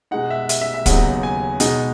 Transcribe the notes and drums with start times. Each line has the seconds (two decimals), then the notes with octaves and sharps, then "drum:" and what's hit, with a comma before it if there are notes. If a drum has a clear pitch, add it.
0.11 B2 G#3 D#4 F#5
0.30 E5
0.49 E5, drum: hi-hat
0.61 E5
0.74 E5
0.86 D#2 C#3 F#3 B3 D#4 F#5, drum: kick, hi-hat
1.23 G#5
1.60 B2 G#3 D#4, drum: hi-hat